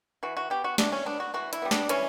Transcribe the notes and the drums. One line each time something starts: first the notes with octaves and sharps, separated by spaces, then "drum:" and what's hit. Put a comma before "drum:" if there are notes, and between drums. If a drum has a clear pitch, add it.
E3 F#4
F#4
B3 G4
F#4
E3 D4, drum: snare
C#4
B3 D4
F#4
E3 F#4
E4, drum: hi-hat
G3 B3
D4, drum: snare
E3 C#4, drum: hi-hat